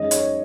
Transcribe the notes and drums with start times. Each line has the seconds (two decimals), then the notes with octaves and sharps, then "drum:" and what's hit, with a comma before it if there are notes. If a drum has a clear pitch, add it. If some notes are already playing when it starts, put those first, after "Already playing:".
Already playing: F#2 D#3 G#3 C#4 D#5
0.11 C#5, drum: hi-hat